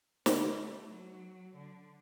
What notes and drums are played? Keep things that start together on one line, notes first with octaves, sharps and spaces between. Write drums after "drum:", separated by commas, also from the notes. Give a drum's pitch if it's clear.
C#3, drum: snare
A3
F#3
D3